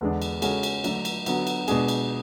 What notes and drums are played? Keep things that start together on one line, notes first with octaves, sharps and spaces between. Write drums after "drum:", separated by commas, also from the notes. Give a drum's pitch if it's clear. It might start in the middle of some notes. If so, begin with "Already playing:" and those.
E2 D3 G#3 B3 D4
drum: cymbal
C#3 G#3 C#4 F#4 A4, drum: cymbal
drum: cymbal
D3 F#3 A3 D4, drum: cymbal
drum: cymbal
D3 F#3 B3 F#4, drum: cymbal
drum: cymbal
B2 G#3 D4 G#4, drum: cymbal
drum: cymbal